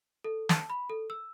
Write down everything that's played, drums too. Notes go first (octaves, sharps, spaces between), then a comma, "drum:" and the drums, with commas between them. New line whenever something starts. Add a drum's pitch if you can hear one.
A4
A5, drum: snare
B5
A4
E6